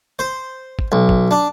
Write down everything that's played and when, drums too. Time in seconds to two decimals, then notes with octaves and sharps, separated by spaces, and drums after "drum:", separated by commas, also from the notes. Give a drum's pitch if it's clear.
0.19 C5
0.79 drum: kick
0.92 B1
1.09 drum: kick
1.31 D4